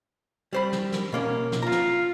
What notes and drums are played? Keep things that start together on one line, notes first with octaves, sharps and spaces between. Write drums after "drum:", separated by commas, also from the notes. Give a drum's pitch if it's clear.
G3 C5 B5
drum: snare
drum: snare
B2 A#3 C#4
drum: snare
F4 F5 A#5
drum: snare